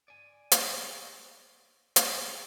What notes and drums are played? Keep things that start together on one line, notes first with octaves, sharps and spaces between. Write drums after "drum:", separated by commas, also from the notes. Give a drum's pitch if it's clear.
D5 G#5
drum: hi-hat
drum: hi-hat